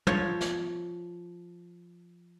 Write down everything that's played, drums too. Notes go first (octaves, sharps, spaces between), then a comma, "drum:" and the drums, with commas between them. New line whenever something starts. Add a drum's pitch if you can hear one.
F3 C#5, drum: tom
drum: snare